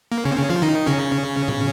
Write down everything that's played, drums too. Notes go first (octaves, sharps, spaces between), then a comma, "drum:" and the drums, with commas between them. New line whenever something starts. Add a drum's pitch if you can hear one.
A#3
C#3 C#4
C4
C#3 C#4
F3 F4
D#3 D#4
C#3 C#4
drum: tom A2